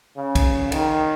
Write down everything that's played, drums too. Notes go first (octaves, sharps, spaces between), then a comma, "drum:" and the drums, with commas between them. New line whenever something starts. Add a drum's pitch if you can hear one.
C#3
drum: kick, cymbal
D#3, drum: cymbal